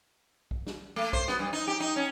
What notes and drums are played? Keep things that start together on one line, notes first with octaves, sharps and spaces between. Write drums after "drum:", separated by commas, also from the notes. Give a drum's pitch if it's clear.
drum: kick
drum: snare
A3
C5, drum: kick
B3, drum: snare
G2
D#4
G4
D#4
C#4